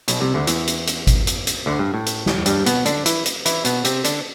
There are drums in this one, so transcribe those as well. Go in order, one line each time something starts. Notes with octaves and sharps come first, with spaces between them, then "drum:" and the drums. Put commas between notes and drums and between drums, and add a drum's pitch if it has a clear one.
B1 B2, drum: hi-hat
C2 C3
D2 D3
E2 E3, drum: hi-hat
drum: hi-hat
drum: hi-hat
drum: kick G#1, hi-hat
drum: hi-hat
drum: hi-hat
D2 D3
G2
A2
drum: hi-hat
drum: snare
G2 G3, drum: hi-hat
B2 B3, drum: hi-hat
D3 D4, drum: hi-hat
E3 E4, drum: hi-hat
drum: hi-hat
E3 E4, drum: hi-hat
B2 B3, drum: hi-hat
C3 C4, drum: hi-hat
D3 D4, drum: hi-hat